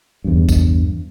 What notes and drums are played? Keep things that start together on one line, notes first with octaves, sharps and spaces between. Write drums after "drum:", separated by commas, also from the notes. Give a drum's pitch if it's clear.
E2 G2
drum: kick A1, tambourine